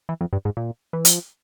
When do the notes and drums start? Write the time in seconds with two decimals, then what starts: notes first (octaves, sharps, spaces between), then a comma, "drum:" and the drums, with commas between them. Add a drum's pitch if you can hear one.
0.09 E3
0.21 F2
0.33 G2
0.45 G#2
0.57 A#2
0.93 E3
1.05 F3, drum: hi-hat